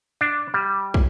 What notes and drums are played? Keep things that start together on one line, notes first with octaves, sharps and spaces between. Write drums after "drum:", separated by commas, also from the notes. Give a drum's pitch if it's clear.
D4
G3
drum: kick